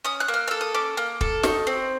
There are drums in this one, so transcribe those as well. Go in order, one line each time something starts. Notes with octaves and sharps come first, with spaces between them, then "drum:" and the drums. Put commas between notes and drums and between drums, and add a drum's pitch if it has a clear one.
C#4 D#6
F#6
A#3
F6
A4 E6
D#6
C#4 D6
A#3
A4, drum: kick
D#4 C#6, drum: snare
C4